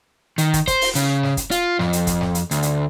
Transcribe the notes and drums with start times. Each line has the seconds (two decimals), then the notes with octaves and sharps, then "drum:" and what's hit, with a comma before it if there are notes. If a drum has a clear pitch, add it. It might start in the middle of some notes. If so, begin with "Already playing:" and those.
0.38 D#3, drum: hi-hat
0.53 drum: kick, hi-hat
0.68 C5, drum: kick, hi-hat
0.81 drum: open hi-hat
0.95 C#3, drum: hi-hat
1.23 drum: snare
1.37 drum: kick, hi-hat
1.51 F4, drum: hi-hat
1.79 F2, drum: snare
1.93 drum: hi-hat
2.07 drum: kick, hi-hat
2.21 drum: snare
2.35 drum: hi-hat
2.51 D2, drum: hi-hat
2.63 drum: hi-hat